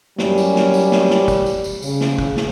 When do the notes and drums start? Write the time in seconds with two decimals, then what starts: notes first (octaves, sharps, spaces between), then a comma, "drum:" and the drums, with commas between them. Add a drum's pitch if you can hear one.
0.18 F#2 F#3 G3 C#4, drum: snare
0.38 drum: tambourine
0.56 drum: snare
0.74 drum: tambourine
0.92 drum: snare
1.10 drum: snare
1.28 drum: kick, tambourine
1.46 drum: tambourine
1.64 drum: tambourine
1.82 C#3, drum: tambourine
2.00 drum: snare
2.19 drum: kick
2.37 drum: snare